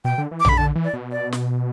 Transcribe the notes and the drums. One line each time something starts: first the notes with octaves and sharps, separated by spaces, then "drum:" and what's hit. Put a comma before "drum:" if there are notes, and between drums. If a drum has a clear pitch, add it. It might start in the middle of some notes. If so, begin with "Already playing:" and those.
B2 G5
D3
E3
D6
D3 B5, drum: tom A#1
D3 A5
E3
D5
B2
D5
drum: snare